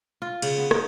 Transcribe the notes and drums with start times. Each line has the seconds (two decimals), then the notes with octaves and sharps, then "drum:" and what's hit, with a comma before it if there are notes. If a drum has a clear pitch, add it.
0.22 F4
0.42 C#3, drum: cymbal
0.58 B3
0.71 D#4, drum: rim click